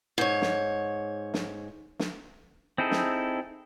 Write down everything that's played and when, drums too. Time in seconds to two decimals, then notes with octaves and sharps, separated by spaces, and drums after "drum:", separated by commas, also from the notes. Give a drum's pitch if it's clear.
0.18 G#2 C#5
0.42 drum: snare
1.34 drum: snare
1.99 drum: snare
2.78 C4 D#4 E4 G#4 A4
2.92 drum: snare